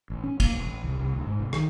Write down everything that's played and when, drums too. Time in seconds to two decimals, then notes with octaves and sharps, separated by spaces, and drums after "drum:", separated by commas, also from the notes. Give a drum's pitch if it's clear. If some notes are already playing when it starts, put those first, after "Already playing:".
0.10 A1
0.24 C#4
0.40 A#3, drum: kick, cymbal
0.53 E1
0.65 A1
0.84 C2
0.99 C2
1.13 D2
1.27 G#2
1.39 B1
1.53 D#3, drum: rim click